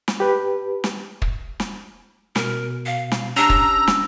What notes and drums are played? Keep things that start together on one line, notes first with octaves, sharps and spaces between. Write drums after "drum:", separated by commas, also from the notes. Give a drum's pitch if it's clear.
drum: snare
G4 B4
drum: snare
drum: kick
drum: snare
B2 A#4, drum: snare
F5
drum: snare
C#4 D4 G4 A#5 E6
drum: kick
drum: snare